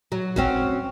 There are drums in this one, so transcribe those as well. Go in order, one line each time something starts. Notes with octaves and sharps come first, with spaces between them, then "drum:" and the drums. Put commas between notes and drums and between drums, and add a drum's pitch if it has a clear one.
F#3
C4 C#4 F#4, drum: kick